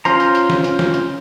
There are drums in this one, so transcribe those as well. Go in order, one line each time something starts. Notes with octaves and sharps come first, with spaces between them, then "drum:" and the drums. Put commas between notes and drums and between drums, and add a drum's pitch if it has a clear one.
C#4 F4 C5 A#5, drum: hi-hat
drum: hi-hat
drum: hi-hat
drum: snare
drum: hi-hat
drum: snare
drum: hi-hat